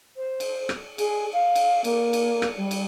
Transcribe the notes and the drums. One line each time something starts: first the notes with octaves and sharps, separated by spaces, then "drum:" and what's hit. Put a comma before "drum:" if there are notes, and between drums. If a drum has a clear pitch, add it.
C5
drum: cymbal
drum: rim click
G#4, drum: cymbal
F5
drum: cymbal
A#3, drum: cymbal
drum: cymbal
drum: rim click
G3
drum: cymbal